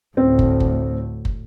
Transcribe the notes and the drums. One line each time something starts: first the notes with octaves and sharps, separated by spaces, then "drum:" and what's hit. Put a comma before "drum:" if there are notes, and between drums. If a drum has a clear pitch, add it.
D2 A2 C4
drum: kick
drum: kick
drum: kick